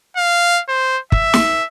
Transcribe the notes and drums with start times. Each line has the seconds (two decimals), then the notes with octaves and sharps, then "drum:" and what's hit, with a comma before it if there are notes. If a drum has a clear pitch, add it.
0.17 F5
0.69 C5
1.12 E5, drum: kick
1.34 drum: snare